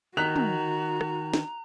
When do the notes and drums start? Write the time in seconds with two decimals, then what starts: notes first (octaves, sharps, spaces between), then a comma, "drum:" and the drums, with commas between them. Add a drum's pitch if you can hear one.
0.17 D#3 F#4 A#5 F#6 B6 F7
0.36 drum: tom
1.01 drum: rim click
1.34 drum: snare